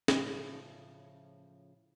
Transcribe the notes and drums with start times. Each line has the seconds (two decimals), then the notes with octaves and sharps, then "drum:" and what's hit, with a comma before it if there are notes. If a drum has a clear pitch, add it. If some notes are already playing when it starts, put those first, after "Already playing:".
0.08 B1 A2 C#3 F3, drum: snare